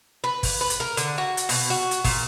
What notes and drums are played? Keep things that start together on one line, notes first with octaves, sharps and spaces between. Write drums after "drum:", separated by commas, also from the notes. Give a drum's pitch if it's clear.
B4
drum: kick, open hi-hat
B4
drum: hi-hat
A#4
D3, drum: hi-hat
F#4
drum: hi-hat
B2, drum: open hi-hat
F#4
drum: hi-hat
A#2, drum: kick, open hi-hat